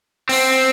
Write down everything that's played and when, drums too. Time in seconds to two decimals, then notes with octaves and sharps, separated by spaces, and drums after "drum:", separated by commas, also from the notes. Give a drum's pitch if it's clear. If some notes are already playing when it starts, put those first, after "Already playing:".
0.29 C4, drum: open hi-hat